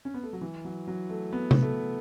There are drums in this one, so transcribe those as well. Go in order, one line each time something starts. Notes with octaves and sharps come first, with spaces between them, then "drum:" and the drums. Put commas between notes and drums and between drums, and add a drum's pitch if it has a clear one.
C#4
B3
A3
F#3
E3
F#3
F#3
A3
B3
drum: tom C3
A3